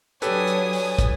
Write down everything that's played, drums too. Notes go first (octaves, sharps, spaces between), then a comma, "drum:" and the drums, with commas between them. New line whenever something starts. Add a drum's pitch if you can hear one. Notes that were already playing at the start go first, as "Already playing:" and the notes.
F#3 D4 G4 A4 B4 C#5 G#5 D#6, drum: hi-hat
drum: hi-hat
drum: open hi-hat
drum: kick, hi-hat